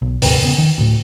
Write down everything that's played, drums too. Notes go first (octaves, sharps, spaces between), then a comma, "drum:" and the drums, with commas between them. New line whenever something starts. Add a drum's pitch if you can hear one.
B1
D#1 D2 G#2 C3, drum: open hi-hat
E1 C#3 B3
D#3
D2 A2